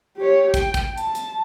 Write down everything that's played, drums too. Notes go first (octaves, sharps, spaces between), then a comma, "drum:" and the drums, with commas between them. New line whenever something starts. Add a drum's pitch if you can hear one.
G4 C#5
G5, drum: kick, hi-hat
drum: kick, hi-hat
A5, drum: hi-hat
drum: hi-hat